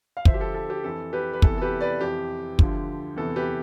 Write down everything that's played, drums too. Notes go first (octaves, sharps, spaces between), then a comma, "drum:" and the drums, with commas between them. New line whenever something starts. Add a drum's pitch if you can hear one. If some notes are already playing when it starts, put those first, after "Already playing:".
F5
D2 D3 F3 C5 E5, drum: kick
G4
A4
A4
G4
F2 E3 A4
G4 B4
B4
E2 C3 E3 A4, drum: kick
A4
G4 B4
B4 D5
F2 E3 G4
D2 D3 F3, drum: kick
E2 C3 E3 A4
G4 B4